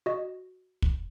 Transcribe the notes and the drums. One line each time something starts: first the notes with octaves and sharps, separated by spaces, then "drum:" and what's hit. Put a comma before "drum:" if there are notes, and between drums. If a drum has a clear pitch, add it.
F#4 D#5
drum: kick